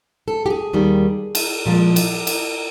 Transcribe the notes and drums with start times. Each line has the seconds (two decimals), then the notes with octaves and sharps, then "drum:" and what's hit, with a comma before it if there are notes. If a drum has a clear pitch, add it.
0.28 A4
0.46 G4
0.50 G#4
0.73 D#2 D#3 G3
1.35 drum: cymbal
1.66 A#2 F3 G#3
1.96 drum: cymbal
2.27 drum: cymbal